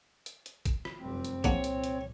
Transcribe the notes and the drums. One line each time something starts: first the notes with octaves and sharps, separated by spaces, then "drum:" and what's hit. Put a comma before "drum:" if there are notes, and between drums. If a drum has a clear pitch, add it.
drum: hi-hat
drum: hi-hat
drum: kick G#1, hi-hat
drum: rim click
F1 F#2 G3 C4
drum: hi-hat
C2 A#2 A#3 D4 C#5 F#5, drum: kick G#1, hi-hat
drum: hi-hat
drum: hi-hat